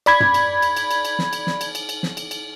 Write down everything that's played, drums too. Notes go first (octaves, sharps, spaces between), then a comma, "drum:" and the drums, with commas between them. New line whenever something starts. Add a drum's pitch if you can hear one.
D5 B5 G#6, drum: cymbal
drum: tom
drum: cymbal
drum: cymbal
drum: cymbal
drum: cymbal
drum: cymbal
drum: snare
drum: cymbal
drum: snare
drum: cymbal
drum: cymbal
drum: cymbal
drum: snare
drum: cymbal
drum: cymbal